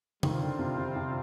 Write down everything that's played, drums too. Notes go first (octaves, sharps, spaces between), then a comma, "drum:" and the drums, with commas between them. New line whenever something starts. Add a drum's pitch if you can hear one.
D#3 G3 C4 F4, drum: tom C3
D3
C3
C3
C3